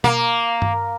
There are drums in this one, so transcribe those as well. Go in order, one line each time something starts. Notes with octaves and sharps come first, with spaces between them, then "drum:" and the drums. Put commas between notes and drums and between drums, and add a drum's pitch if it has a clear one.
A#3, drum: tom B2
drum: tom G2